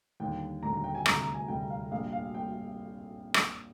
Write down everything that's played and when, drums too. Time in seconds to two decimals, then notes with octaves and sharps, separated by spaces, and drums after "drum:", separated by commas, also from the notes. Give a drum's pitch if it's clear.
0.20 D#2 D3 G3 G5
0.62 D#2 D3 G3 A#5
0.74 A#5
0.84 G5
0.95 G#5
1.06 D2 C3 G3 A#5, drum: rim click
1.20 A#5
1.34 G#5
1.48 D2 C3 G3 G5
1.70 F5
1.91 A#1 A#2 G3 F5
2.13 F5
2.34 A#2 G3 G5
3.34 drum: rim click